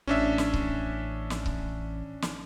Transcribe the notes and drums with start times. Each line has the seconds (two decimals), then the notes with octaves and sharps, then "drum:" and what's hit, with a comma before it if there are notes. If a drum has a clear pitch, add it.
0.07 A1 C#4 D4 E5
0.38 drum: snare
0.54 drum: kick C#1
1.30 drum: snare
1.46 drum: kick C#1
2.22 drum: snare